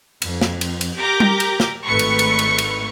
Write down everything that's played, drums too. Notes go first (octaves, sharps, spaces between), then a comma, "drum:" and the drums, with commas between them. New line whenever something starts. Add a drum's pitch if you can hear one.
F2, drum: cymbal
drum: snare
drum: cymbal
drum: cymbal
G4 A#4 A#5 D6 G6
drum: tom G3
drum: cymbal
drum: snare
G#1 D#3 A3 B4 C#6 C#7
drum: cymbal
drum: cymbal
drum: cymbal
drum: cymbal